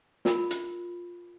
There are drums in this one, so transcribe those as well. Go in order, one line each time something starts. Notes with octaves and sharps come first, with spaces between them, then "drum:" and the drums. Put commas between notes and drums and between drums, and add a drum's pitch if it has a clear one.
F4 A#4 B5, drum: snare
drum: hi-hat